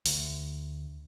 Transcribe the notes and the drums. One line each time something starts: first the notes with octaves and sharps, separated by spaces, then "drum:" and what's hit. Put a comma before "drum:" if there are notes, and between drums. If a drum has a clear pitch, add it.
D2, drum: open hi-hat